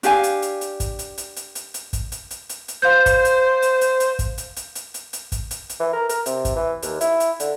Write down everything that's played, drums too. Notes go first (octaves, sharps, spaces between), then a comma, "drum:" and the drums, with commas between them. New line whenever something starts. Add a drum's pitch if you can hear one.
D4 G4 F5 G#5, drum: hi-hat
drum: hi-hat
drum: hi-hat
drum: hi-hat
drum: kick, hi-hat
drum: hi-hat
drum: hi-hat
drum: hi-hat
drum: hi-hat
drum: hi-hat
drum: kick, hi-hat
drum: hi-hat
drum: hi-hat
drum: hi-hat
drum: hi-hat
C5 F5 G6
drum: kick, hi-hat
drum: hi-hat
drum: hi-hat
drum: hi-hat
drum: hi-hat
drum: kick, hi-hat
drum: hi-hat
drum: hi-hat
drum: hi-hat
drum: hi-hat
drum: hi-hat
drum: kick, hi-hat
drum: hi-hat
drum: hi-hat
E3
A#4
A#4, drum: hi-hat
C3, drum: hi-hat
drum: kick, hi-hat
E3
D#2, drum: hi-hat
E4, drum: hi-hat
drum: hi-hat
D3, drum: hi-hat